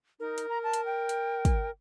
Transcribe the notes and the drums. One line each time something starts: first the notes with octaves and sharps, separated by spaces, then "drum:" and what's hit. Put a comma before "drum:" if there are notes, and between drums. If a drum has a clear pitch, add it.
D#4 A#4
drum: hi-hat
A#5
A5
drum: hi-hat
G5
drum: hi-hat
drum: kick, hi-hat